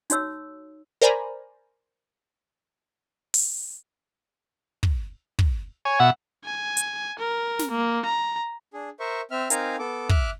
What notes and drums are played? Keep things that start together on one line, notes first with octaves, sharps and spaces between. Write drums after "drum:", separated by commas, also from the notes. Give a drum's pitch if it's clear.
D#4 F#4 C#5 E6, drum: hi-hat
A#4 C5 D5 G#5 A#5 B5
drum: open hi-hat
drum: kick
drum: kick
C#5 G#5
B2 E5 F#5
G#5
drum: hi-hat
A#4
drum: snare
A#3
A#5
D4 G#4
A#4 C5 E5 C#6
C4 E5 F6
C4 D#4 A#4 F5 G#5 A#5, drum: hi-hat
B3 A4 D6
E5 D6 F6 F#6, drum: kick